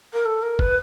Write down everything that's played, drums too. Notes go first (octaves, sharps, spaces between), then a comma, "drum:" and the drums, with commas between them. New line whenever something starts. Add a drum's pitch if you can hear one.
A#4
A4
A#4
B4, drum: kick G1